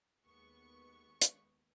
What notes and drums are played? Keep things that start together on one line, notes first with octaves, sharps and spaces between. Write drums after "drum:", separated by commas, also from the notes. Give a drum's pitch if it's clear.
D#2 G#3 B3 C#6
drum: hi-hat